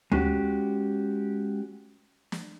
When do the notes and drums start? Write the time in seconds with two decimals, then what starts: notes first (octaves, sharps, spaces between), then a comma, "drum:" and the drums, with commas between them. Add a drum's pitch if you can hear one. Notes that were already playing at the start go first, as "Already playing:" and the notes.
0.12 G#3 C#4 F#4 G4, drum: tom D2
2.32 drum: snare